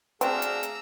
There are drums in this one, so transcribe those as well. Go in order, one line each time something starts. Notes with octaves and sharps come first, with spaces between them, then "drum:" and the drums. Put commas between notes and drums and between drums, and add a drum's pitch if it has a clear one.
A3 C4 D4 F#4 G#4 F5 A#5 E6, drum: hi-hat
drum: hi-hat
drum: hi-hat